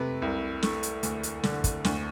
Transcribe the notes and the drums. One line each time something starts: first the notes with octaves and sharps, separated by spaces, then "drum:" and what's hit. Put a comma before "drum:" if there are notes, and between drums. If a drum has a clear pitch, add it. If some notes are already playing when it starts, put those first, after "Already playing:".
Already playing: C3 A3 B4
C2
A3, drum: snare
drum: hi-hat
D2, drum: hi-hat
drum: hi-hat
D3, drum: snare
drum: kick, hi-hat
D2, drum: snare